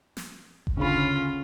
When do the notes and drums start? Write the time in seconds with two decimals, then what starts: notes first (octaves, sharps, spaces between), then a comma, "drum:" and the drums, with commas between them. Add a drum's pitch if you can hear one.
0.17 drum: snare
0.67 drum: kick F#1
0.77 D2 C#3 C#4 F4 B5